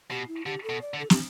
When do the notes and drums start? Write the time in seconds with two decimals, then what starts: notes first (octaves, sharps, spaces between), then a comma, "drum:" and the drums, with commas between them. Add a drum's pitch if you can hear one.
0.11 B2 G4
0.28 E4
0.46 D3 G4
0.63 A4
0.69 B2
0.82 D5
0.94 D3
0.99 A4
1.10 G4, drum: snare